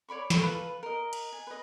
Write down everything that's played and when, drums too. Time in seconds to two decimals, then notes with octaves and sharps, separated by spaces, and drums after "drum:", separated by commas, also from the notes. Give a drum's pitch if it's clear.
0.09 C#5 D5 B5 C#6
0.30 A4 B5 C#6, drum: snare
0.42 F4 A4 B4
0.83 A#4 D#5
1.13 drum: cymbal
1.32 G#5
1.47 B4 D#5